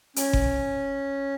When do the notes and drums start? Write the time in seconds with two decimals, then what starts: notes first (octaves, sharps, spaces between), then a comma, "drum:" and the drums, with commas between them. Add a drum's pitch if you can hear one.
0.16 C#4, drum: hi-hat
0.33 drum: kick G1